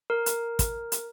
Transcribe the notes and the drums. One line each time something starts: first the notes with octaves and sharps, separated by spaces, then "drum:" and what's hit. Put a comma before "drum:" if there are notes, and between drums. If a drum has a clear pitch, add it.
A#4
drum: hi-hat
drum: kick, hi-hat
drum: hi-hat